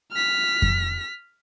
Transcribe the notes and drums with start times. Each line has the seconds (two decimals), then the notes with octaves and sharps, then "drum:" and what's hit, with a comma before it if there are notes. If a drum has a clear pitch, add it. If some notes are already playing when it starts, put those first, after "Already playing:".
0.13 F6 B6
0.62 drum: kick F2